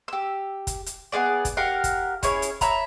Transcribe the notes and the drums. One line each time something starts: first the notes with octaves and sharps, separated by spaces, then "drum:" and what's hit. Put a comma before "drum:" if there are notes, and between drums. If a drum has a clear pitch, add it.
G4 E6
drum: kick, hi-hat
drum: hi-hat
B3 C#4 G#4 D5
drum: kick, hi-hat
G4 A#4 F5 F#5
drum: kick, hi-hat
C#4 E4 G#4 C#5, drum: kick, hi-hat
drum: hi-hat
C#5 E5 A#5 B5, drum: kick, hi-hat